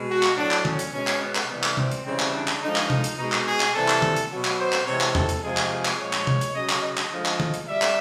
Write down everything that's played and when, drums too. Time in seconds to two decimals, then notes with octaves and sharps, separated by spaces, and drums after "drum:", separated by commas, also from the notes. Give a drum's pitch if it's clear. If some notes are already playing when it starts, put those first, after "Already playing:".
Already playing: B2 G#3
0.09 F#4
0.23 drum: clap
0.37 A2 F#3 D4
0.51 drum: clap
0.65 C#4, drum: tom D3
0.79 drum: hi-hat
0.93 B2 G#3 C#4
1.07 drum: clap
1.21 B3
1.35 drum: clap
1.49 C3 E3 G3 B3
1.63 drum: clap
1.77 C4, drum: tom C3
1.91 drum: hi-hat
2.05 C#3 E3 G3 C4
2.20 drum: clap
2.33 D4
2.48 drum: clap
2.61 D3 F3 G#3 D#4
2.76 drum: clap
2.90 drum: tom C3
3.04 drum: hi-hat
3.18 B2 G#3 D#4
3.32 drum: clap
3.46 G#4
3.60 drum: clap
3.74 C3 E3 G3 A4
3.88 drum: clap
4.02 drum: tom D3
4.16 drum: hi-hat
4.30 B2 F#3
4.44 drum: clap
4.59 C5
4.73 drum: clap
4.86 C3 E3 G#3 C#5
5.01 drum: clap
5.15 A4, drum: tom E2
5.29 drum: hi-hat
5.43 C3 F3 G#3 G#4
5.57 drum: clap
5.71 G#4
5.85 drum: clap
5.99 A#2 F3 G#3 C#5
6.13 drum: clap
6.27 drum: tom C3
6.41 drum: hi-hat
6.55 C#3 F#3 D#5
6.69 drum: clap
6.83 D#5
6.97 drum: clap
7.12 D3 F3 G#3
7.26 drum: clap
7.40 drum: tom D3
7.54 drum: hi-hat
7.67 G3 E5
7.82 drum: clap